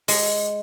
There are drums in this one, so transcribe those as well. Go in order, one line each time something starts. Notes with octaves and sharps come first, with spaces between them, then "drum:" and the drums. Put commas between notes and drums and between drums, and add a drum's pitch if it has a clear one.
G#3, drum: open hi-hat